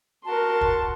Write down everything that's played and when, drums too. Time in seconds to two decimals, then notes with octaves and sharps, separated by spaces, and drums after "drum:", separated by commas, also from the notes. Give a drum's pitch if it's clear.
0.25 F#4 A#4 A5 C6
0.61 drum: kick